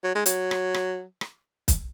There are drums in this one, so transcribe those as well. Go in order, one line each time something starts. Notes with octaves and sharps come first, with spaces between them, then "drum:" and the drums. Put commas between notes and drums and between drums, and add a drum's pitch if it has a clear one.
F#3
G#3
F#3, drum: hi-hat
drum: rim click
drum: rim click
drum: rim click
drum: kick, hi-hat